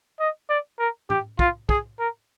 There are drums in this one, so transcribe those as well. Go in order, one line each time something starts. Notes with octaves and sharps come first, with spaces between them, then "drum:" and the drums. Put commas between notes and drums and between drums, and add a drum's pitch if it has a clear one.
D#5
D5
A#4
G4, drum: tom
F4, drum: kick
G#4, drum: kick
A#4